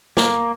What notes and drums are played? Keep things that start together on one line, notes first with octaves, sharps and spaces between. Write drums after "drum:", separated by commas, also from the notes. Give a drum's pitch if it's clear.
A#3, drum: snare